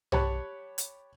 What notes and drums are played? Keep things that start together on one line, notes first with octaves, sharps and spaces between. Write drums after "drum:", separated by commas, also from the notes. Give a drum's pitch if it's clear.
G4 C#5 A5 B5 C#6 F#6, drum: tom B1
drum: hi-hat